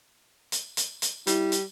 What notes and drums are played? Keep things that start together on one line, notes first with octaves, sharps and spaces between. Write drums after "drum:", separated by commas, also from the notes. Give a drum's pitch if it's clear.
drum: hi-hat
drum: hi-hat
drum: hi-hat
G3 E4, drum: hi-hat
drum: hi-hat